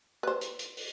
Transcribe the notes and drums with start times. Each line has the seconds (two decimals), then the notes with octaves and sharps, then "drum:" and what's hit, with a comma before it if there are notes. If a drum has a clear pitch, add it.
0.23 B4 C5
0.41 drum: hi-hat
0.59 drum: hi-hat
0.77 drum: open hi-hat